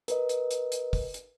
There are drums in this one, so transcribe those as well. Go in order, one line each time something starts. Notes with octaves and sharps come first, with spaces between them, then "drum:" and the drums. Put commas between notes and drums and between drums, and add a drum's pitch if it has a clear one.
A#4 B4 D#5, drum: hi-hat
drum: hi-hat
drum: hi-hat
drum: hi-hat
drum: kick, open hi-hat
drum: hi-hat